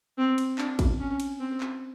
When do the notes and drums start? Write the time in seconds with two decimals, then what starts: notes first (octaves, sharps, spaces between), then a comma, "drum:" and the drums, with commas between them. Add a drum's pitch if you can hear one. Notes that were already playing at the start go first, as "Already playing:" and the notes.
0.18 C4
0.38 drum: cymbal
0.58 D4, drum: clap
0.79 drum: kick, cymbal
1.00 C#4
1.20 drum: cymbal
1.40 C4
1.60 drum: clap